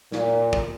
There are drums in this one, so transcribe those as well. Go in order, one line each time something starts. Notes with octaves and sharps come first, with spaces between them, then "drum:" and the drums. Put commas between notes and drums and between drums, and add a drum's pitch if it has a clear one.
A#2, drum: snare
drum: kick